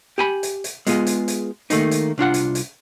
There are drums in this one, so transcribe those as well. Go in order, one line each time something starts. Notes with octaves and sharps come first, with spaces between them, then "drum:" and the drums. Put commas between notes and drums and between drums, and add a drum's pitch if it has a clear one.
G4 G#5 B5
drum: hi-hat
drum: hi-hat
G#3 B3 F4 G#4, drum: hi-hat
drum: hi-hat
drum: hi-hat
D#3 A3 A#3 D#4, drum: hi-hat
drum: hi-hat
C2 D4 F4 F#5
drum: hi-hat
drum: hi-hat